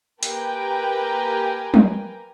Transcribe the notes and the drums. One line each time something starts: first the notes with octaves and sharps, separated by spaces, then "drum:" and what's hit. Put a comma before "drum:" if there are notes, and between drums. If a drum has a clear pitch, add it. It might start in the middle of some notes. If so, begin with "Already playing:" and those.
A#3 G4 B4 G5 G#5 A#5, drum: hi-hat
drum: tom